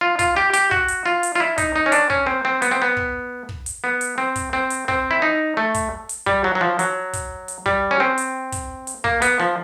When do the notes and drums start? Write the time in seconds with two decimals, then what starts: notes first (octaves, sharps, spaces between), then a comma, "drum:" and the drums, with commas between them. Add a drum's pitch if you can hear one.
0.01 F4
0.19 F4, drum: kick, hi-hat
0.36 G4
0.53 G4, drum: hi-hat
0.71 F#4, drum: kick
0.88 drum: hi-hat
1.06 F4
1.23 drum: hi-hat
1.36 F4
1.40 E4
1.58 D#4, drum: kick, hi-hat
1.76 D#4
1.86 C#4
1.92 D4, drum: hi-hat
2.10 C#4, drum: kick
2.27 C4
2.45 C4
2.62 B3, drum: hi-hat
2.71 C4
2.82 B3
2.97 drum: kick
3.49 drum: kick
3.66 drum: hi-hat
3.84 B3
4.01 drum: hi-hat
4.18 C4
4.36 drum: kick, hi-hat
4.53 C4
4.70 drum: hi-hat
4.88 C4, drum: kick
5.11 E4
5.22 D#4
5.57 A3
5.74 drum: kick, hi-hat
6.09 drum: hi-hat
6.26 G3, drum: kick
6.44 F#3
6.55 F#3
6.61 F3
6.79 F#3, drum: hi-hat
7.13 drum: kick, hi-hat
7.48 drum: hi-hat
7.66 G3, drum: kick
7.91 C#4
8.00 C4
8.18 drum: hi-hat
8.52 drum: kick, hi-hat
8.87 drum: hi-hat
9.04 A#3, drum: kick
9.22 B3, drum: hi-hat
9.40 F3